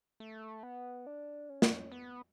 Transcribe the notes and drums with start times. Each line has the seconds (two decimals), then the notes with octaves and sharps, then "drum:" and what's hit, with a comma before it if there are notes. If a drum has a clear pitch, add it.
0.20 A3
0.63 B3
1.07 D4
1.49 C#4
1.62 D4, drum: snare
1.76 C#4
1.92 B3